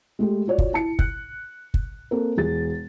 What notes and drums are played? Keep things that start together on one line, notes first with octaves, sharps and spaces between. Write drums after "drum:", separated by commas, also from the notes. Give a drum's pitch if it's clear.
G#3 A3 G4
F4 F#4 C#5 D5
drum: kick
E4 A5 C#7
F#6, drum: kick
drum: kick
A#3 C4 A4 A#4
E1 G#4 A6